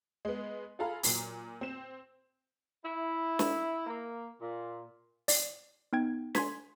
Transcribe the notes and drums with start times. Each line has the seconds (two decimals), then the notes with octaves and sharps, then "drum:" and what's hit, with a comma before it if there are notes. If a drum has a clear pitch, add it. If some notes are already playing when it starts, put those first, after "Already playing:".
0.25 G#3 B3
0.79 F4 G#4 A4 F5 A#5 B5
1.03 A#2 F#3, drum: open hi-hat
1.61 C4 E7
2.84 E4
3.39 drum: snare
3.87 A#3
4.41 A#2
5.28 D5, drum: open hi-hat
5.93 B3 D#4 G5 G#6
6.35 G#5 C6 G#6 B6, drum: snare